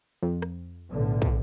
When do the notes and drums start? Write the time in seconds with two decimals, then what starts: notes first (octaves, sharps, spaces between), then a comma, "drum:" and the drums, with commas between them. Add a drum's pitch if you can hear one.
0.23 F2
0.42 drum: rim click
0.91 B1 A2 D3
1.22 drum: kick